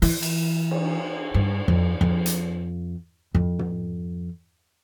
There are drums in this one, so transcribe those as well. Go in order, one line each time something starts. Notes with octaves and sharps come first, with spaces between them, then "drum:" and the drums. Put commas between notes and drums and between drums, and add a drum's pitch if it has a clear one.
E3, drum: open hi-hat
drum: cymbal
drum: cymbal
G2
F2
F2
drum: hi-hat
F2
drum: tom